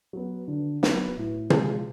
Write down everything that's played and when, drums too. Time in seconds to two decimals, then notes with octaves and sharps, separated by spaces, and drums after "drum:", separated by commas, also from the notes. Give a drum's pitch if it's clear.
0.13 F#3 B3
0.48 D3
0.83 F#3 B3, drum: snare
1.17 A2
1.50 F3 G#3, drum: tom